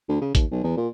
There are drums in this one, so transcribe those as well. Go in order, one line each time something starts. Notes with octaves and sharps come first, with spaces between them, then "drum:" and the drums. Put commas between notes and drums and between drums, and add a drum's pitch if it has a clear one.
D2
C#3
D#2, drum: kick A1, hi-hat
B1
E2
A#2